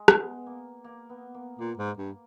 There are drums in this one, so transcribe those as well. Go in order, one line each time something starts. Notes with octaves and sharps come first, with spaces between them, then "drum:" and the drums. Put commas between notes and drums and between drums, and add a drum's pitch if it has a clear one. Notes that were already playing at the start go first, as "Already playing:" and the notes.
Already playing: G#3
B3, drum: rim click
A#3
A#3
B3
A#3
A#2 A#3
G#2
G2